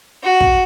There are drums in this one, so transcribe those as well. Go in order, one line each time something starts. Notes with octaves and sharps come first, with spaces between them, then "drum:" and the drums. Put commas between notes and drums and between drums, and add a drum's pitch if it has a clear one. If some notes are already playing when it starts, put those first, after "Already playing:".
F#4
drum: kick